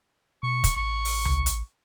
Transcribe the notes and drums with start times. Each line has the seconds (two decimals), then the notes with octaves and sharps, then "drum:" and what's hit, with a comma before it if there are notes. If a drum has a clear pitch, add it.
0.43 B2 C#6
0.64 drum: kick, hi-hat
0.77 A1 C#6
1.05 drum: open hi-hat
1.25 drum: tom C#2
1.46 drum: hi-hat